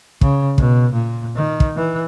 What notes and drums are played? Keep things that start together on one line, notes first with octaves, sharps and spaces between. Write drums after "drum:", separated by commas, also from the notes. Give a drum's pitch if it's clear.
C#3, drum: kick
B2, drum: kick
A#2
D#3
drum: kick
E3